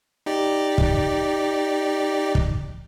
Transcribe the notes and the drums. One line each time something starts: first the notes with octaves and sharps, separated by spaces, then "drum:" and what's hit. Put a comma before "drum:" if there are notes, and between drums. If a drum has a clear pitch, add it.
D#4 G4 D5
drum: kick
drum: kick